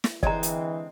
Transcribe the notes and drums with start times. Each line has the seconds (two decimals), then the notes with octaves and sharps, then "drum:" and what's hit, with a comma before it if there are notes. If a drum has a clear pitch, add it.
0.04 drum: snare
0.23 D3 E3 G#3 C4 D5 A#5, drum: kick
0.43 drum: hi-hat